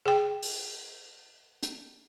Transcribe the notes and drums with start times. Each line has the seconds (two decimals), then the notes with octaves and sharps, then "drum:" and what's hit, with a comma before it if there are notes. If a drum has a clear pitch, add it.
0.06 G#4 G5
0.42 drum: open hi-hat
1.63 drum: hi-hat